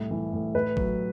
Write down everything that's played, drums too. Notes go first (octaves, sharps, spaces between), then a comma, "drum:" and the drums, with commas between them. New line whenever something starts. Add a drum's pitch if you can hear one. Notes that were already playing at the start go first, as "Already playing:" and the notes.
Already playing: C2 A2
E3
A2
A2 B4
F#3, drum: kick A1